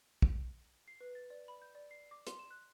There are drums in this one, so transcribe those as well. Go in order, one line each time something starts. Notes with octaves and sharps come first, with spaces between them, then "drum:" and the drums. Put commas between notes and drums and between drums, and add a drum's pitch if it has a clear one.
drum: kick
C7
B4
A6
D5
B5
G6
D5
C7
D6
C6, drum: hi-hat
E7
F#6